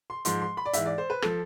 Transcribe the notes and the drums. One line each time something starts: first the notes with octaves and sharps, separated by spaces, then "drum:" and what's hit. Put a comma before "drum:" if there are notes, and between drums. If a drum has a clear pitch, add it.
C6
G#2 F3 C6, drum: hi-hat
C6
B5
D5
G#2 E3 E5, drum: hi-hat
D5
C5
B4
F3 A4, drum: rim click